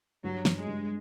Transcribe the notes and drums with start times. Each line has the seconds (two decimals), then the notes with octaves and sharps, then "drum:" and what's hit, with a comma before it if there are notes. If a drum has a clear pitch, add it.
0.24 G2 F#3
0.45 G2, drum: snare
0.56 G#3
0.67 G2